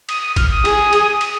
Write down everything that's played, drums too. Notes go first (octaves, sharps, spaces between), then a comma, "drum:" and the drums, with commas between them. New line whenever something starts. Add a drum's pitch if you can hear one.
D#6, drum: cymbal
D#6
F6, drum: kick A1, cymbal
D#6
G#4, drum: cymbal
drum: cymbal
drum: cymbal